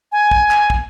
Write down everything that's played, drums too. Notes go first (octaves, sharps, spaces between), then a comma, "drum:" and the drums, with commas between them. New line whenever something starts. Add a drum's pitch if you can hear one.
G#5
drum: kick
drum: clap
drum: kick